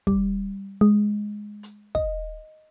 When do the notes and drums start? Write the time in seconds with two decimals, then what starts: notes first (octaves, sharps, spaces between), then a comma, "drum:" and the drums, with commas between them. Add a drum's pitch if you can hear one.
0.07 G3, drum: kick
0.81 G#3
1.63 drum: hi-hat
1.95 D#5, drum: kick